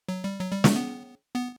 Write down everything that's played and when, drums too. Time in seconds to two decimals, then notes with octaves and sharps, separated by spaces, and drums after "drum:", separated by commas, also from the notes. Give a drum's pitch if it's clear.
0.09 F#3
0.24 G3
0.41 F#3
0.52 G3
0.64 A3, drum: snare
0.76 B3
1.35 B3